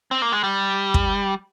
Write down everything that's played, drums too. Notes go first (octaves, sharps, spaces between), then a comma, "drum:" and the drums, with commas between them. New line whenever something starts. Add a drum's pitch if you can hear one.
C4
A#3
G#3
G3
drum: kick